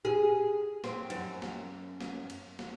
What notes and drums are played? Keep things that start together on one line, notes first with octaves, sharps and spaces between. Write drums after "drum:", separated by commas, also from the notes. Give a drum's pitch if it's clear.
G#4
C4, drum: snare
F#2, drum: cymbal
drum: snare
drum: snare
drum: cymbal
drum: snare